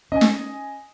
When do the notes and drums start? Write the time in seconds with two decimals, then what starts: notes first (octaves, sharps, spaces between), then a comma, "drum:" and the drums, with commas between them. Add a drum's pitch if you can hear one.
0.12 C#4 D#5 G#5
0.21 drum: snare